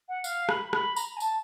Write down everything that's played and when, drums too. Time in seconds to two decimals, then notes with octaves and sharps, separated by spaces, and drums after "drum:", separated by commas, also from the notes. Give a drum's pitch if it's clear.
0.08 F#5
0.24 F5, drum: tambourine
0.49 B5, drum: rim click
0.73 B5, drum: rim click
0.96 A#5, drum: tambourine
1.17 G#5
1.20 A5, drum: tambourine